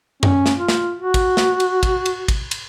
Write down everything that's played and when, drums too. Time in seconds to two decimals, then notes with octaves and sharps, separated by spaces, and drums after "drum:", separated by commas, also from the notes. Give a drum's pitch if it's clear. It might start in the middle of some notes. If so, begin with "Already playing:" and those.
0.23 C#4, drum: tom F#2
0.46 drum: snare
0.59 F4
0.69 drum: snare
0.98 F#4
1.14 drum: kick, cymbal
1.37 drum: snare
1.60 drum: cymbal
1.83 drum: kick, cymbal
2.06 drum: cymbal
2.28 drum: kick, cymbal
2.51 drum: cymbal